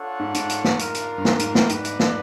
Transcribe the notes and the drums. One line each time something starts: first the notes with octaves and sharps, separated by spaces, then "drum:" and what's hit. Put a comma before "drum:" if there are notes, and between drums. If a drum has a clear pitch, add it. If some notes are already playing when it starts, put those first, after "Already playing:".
Already playing: D4 F4 A4 C#5 F#5
G#2
G#2, drum: hi-hat
drum: hi-hat
drum: snare
D4 F4 A#4, drum: hi-hat
drum: hi-hat
G2
G#2, drum: snare
G#2, drum: hi-hat
A2, drum: snare
G#2 D4 F#4 B4 D5, drum: hi-hat
drum: hi-hat
drum: snare